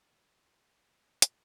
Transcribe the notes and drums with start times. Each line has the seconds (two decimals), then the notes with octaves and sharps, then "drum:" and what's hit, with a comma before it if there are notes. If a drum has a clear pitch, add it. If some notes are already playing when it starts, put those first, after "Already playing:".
Already playing: A#2 F#3
0.12 B4
0.33 A#2 F#3
0.79 F2 C#3 F3
1.22 C#3 F3 G#5, drum: hi-hat